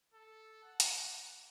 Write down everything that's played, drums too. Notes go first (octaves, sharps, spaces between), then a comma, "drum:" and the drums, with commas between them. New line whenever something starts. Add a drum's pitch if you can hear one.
A4
F#5
drum: hi-hat